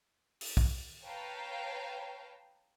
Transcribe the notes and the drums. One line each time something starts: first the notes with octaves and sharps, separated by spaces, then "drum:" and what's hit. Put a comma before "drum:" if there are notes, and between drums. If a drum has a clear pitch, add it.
drum: open hi-hat
drum: kick
B4 C#5 F5 G5 A5 A#5